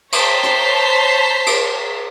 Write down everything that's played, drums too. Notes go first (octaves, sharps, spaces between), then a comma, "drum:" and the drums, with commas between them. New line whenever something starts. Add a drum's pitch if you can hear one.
C5 C#5 A5 A#5 B6 C7, drum: cymbal
drum: hi-hat
drum: cymbal